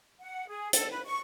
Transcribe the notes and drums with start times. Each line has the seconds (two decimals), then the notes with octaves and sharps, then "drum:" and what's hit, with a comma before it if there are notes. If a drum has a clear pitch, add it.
0.20 F#5
0.48 G#4
0.73 A4, drum: hi-hat
0.90 B4
1.06 C#6